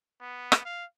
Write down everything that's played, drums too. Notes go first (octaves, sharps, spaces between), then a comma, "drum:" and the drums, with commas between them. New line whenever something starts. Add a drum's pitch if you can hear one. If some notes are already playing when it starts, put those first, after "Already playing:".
B3
drum: rim click
F5